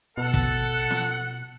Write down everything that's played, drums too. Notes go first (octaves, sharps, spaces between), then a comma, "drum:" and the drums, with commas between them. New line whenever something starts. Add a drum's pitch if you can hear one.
B2 A4 F#5
drum: kick
drum: snare